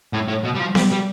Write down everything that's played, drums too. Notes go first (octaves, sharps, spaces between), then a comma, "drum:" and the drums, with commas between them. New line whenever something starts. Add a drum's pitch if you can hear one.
A2
A2
B2
G3
F3
G3, drum: snare B3
G3